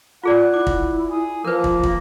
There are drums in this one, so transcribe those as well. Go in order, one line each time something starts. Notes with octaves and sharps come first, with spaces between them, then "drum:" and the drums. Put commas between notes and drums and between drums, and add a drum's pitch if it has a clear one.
F4 G#4 D5 F#5
E4 D6
drum: kick
G#4
F3 A#3 A#4 B4
drum: kick
drum: kick